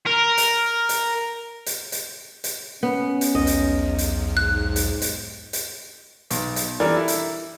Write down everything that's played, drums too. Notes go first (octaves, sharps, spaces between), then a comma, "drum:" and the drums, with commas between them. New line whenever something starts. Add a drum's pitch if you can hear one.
A#4
drum: hi-hat
drum: hi-hat
drum: hi-hat
drum: hi-hat
drum: hi-hat
B3 C#4
drum: hi-hat
B1 E2 D#5
drum: hi-hat
drum: hi-hat
G#2 F#6
drum: hi-hat
drum: hi-hat
drum: hi-hat
B1, drum: hi-hat
drum: hi-hat
E3 G3 D4 A4 A#4 D5
E4
drum: hi-hat